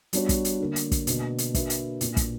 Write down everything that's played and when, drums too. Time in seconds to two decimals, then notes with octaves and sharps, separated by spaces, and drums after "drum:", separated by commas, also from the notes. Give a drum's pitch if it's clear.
0.13 G3 B3 D4 F#4 C#5, drum: hi-hat
0.29 drum: kick, hi-hat
0.45 drum: hi-hat
0.60 D3 A#3 D4
0.76 drum: hi-hat
0.92 drum: kick, hi-hat
1.07 B2 A#3 D4 F#4, drum: hi-hat
1.38 drum: hi-hat
1.54 A#3 D4 F#4 B4 E5, drum: kick, hi-hat
1.70 drum: hi-hat
2.01 A#2 A#3 D4, drum: hi-hat
2.17 drum: kick, hi-hat